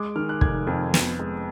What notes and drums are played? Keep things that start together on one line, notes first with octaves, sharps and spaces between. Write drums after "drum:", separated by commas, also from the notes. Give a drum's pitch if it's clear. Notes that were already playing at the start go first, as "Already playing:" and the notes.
Already playing: G#3 D6
D#3 F6
F#6
F1 G#6, drum: kick
F2
B3, drum: snare
G#3